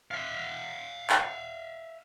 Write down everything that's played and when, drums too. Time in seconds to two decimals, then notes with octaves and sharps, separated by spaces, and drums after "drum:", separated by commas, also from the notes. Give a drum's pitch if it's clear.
0.11 E5 F5
1.09 drum: clap